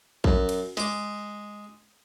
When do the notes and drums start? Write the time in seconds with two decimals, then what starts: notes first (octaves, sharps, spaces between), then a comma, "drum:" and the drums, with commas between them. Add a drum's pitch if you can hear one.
0.24 F#2, drum: kick
0.49 drum: cymbal
0.77 G#3 D6, drum: snare